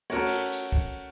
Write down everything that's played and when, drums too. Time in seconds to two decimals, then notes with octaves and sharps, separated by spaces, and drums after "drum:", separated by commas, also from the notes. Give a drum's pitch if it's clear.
0.10 A3 C#4 F#4 A#4 C#5, drum: rim click
0.26 drum: open hi-hat
0.52 drum: tambourine
0.72 drum: kick